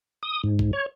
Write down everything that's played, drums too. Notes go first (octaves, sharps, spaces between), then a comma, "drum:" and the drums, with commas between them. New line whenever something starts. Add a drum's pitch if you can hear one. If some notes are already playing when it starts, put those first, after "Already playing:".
D#6
G#2
drum: kick A#1
C#5